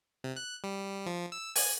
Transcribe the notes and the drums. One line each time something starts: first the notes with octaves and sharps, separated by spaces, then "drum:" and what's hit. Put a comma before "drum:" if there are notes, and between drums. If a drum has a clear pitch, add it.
C3
F#6
G3
F3
E6
G#5, drum: open hi-hat